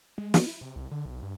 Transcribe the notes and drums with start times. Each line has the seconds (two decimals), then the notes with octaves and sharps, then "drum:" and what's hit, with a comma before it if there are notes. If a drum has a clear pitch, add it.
0.18 G#3
0.34 B3, drum: snare
0.47 E4
0.61 C3
0.76 C2
0.91 D3
1.06 B1
1.22 G2